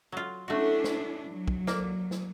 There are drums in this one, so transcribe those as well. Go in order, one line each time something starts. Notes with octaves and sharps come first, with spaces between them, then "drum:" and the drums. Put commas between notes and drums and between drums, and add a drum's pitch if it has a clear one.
F#3 F4
A3 C#4 D4 E4 F#4
drum: snare
F#3
drum: kick
A#3 D4, drum: snare
drum: snare